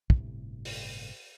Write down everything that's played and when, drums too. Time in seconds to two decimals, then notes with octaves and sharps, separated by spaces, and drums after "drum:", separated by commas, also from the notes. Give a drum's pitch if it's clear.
0.10 G1 A2 C3, drum: kick
0.65 drum: open hi-hat